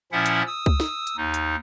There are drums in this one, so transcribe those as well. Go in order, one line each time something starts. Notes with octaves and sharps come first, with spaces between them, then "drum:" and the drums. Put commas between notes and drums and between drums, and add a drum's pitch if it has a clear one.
A#2 F3 C#4 E4 E5 F#5
drum: hi-hat
D#6 E6
drum: kick C#2
drum: snare
drum: hi-hat
D#2 D#4
drum: hi-hat